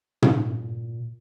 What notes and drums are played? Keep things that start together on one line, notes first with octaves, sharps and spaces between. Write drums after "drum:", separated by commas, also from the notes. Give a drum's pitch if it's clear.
A#2, drum: tom